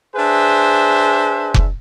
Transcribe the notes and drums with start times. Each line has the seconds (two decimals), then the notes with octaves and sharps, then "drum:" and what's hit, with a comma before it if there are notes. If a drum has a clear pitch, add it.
0.16 D4 G#4 B4 C5 E5
1.55 drum: kick F1